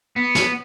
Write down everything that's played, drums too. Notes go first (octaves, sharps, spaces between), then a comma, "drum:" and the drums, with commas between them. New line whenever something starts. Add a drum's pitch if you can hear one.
B3
drum: snare